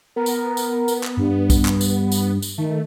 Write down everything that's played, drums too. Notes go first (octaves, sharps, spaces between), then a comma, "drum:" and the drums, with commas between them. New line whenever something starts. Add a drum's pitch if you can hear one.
B3 A#4
drum: tambourine
drum: tambourine
drum: tambourine
drum: clap
G2
drum: kick B1, tambourine
drum: clap
drum: tambourine
drum: tambourine
drum: tambourine
D#3 A3